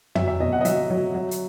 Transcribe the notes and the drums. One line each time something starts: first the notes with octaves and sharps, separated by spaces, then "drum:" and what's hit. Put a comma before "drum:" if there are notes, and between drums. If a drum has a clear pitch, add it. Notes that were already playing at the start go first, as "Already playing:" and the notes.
F#3 E5, drum: tom
E5
B2 D#5
F#5
D#5
F#3 E5, drum: hi-hat
F#3
F#3
drum: hi-hat